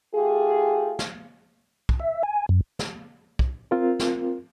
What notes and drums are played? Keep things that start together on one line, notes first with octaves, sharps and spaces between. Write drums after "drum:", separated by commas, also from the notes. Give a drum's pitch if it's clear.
A3 F4 G4 G#4
drum: snare
drum: kick
E5
G#5
F#2
drum: snare
drum: kick
C4 F4 A#4
drum: snare